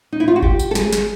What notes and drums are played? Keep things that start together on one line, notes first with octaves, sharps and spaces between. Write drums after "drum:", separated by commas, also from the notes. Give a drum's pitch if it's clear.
D#4
E4
F4
F#4
G4, drum: kick G1
drum: tambourine
A4
G#4, drum: snare
drum: snare